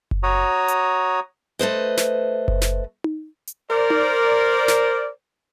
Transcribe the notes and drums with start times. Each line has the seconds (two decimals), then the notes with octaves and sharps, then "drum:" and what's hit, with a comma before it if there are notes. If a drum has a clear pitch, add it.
0.11 drum: kick F#1
0.23 F#4 C#5 A#5 D#6
0.68 drum: hi-hat
1.59 A3 B4 C5 D#5
1.97 drum: snare
2.48 drum: kick F#1
2.61 drum: snare
3.04 drum: tom D#4
3.47 drum: hi-hat
3.70 A#4 C5 D5
3.90 drum: tom D#4
4.68 drum: snare